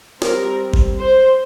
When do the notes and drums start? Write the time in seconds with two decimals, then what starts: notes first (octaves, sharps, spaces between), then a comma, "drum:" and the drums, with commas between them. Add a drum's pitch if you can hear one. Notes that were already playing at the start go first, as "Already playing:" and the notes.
0.22 G3 C4 A#4, drum: snare
0.74 drum: kick G1
0.99 C5